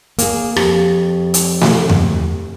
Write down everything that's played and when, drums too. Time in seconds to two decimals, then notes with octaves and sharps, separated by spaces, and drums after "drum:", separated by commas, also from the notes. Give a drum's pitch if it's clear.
0.19 A#3 G#4, drum: hi-hat
0.56 F2 G4, drum: rim click
1.34 drum: hi-hat
1.61 drum: snare A3
1.89 drum: tom E2